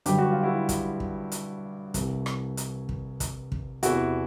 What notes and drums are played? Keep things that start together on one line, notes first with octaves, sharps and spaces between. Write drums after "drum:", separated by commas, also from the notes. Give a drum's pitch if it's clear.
G2 D3 F#3 G4, drum: hi-hat
F#4
F4
E4 F#4
drum: kick, hi-hat
drum: kick
drum: hi-hat
C2 C3 E3, drum: kick, hi-hat
drum: rim click
drum: hi-hat
drum: kick
drum: kick, hi-hat
drum: kick
E2 C3 E3 E4 F#4, drum: hi-hat